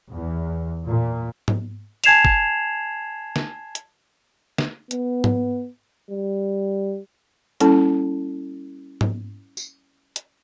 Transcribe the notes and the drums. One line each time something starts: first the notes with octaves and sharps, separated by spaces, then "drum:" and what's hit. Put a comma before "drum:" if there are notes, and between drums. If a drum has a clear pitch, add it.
E2
A#2
drum: tom G#2
G#5 A5 G#6 C7 E7 F7, drum: hi-hat
drum: kick
drum: snare
drum: hi-hat
drum: snare
B3, drum: hi-hat
drum: tom G#2
G3
G3 A#3 C#4 E4 A4 A5, drum: hi-hat
drum: tom G#2
drum: tambourine
drum: hi-hat